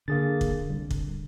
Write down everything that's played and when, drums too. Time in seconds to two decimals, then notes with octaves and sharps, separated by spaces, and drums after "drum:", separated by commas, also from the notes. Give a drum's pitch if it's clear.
0.08 D3 A#3 G#4 A6
0.41 drum: kick
0.69 C2
0.91 drum: kick